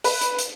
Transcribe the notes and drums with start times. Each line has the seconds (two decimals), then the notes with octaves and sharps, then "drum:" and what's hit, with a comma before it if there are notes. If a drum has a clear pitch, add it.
0.04 B4, drum: open hi-hat
0.21 drum: hi-hat
0.39 drum: hi-hat